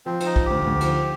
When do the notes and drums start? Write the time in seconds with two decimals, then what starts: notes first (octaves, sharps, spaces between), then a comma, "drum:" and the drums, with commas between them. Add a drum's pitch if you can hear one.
0.06 F3 C4
0.20 F3, drum: cymbal
0.26 D#4
0.36 F3, drum: kick
0.46 D2 G4
0.66 D2
0.81 F3, drum: cymbal